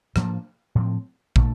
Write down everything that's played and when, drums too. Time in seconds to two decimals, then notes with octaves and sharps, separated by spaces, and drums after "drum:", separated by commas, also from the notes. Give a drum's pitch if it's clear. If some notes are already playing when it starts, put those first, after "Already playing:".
0.16 A2 F3 A#3 D4, drum: rim click
0.75 A2 F3 C4
1.36 A#2 A3 D4, drum: kick